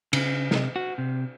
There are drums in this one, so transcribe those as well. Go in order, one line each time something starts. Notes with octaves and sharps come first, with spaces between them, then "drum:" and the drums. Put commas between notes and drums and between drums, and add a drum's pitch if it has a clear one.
C#3, drum: cymbal
C3, drum: snare
F#4
C3